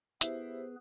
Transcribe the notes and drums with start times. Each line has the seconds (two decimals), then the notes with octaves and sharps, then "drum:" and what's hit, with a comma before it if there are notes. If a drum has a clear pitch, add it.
0.21 B3 E4 G4 G#4 B4 C5, drum: hi-hat